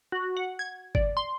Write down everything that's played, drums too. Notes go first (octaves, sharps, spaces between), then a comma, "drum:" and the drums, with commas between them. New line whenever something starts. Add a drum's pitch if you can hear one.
F#4
F#5
G#6
D5, drum: kick G1
C6